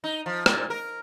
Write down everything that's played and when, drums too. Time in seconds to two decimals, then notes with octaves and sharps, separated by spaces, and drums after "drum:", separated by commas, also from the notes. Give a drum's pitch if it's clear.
0.04 D#4
0.26 F3
0.46 A#2, drum: rim click
0.70 A#4